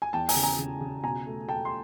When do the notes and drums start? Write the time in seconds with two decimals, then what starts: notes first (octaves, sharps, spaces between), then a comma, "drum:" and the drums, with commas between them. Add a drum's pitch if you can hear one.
0.02 G#5
0.13 E2 G5 A5
0.29 G#5 A#5, drum: open hi-hat
0.36 C#3
0.43 G#5 A#5
0.59 C#3
0.81 C#3
1.03 B2 G#5 A#5
1.26 A3
1.49 A3 G5 A5
1.65 C6